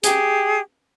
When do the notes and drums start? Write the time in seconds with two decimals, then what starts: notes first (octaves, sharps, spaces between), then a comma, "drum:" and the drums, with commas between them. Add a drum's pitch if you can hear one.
0.03 G4 G#4, drum: hi-hat